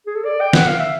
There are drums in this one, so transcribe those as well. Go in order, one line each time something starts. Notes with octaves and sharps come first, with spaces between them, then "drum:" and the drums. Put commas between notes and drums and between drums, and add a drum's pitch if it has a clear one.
G#4
A4
D5
G5
F#5, drum: snare
F5
E5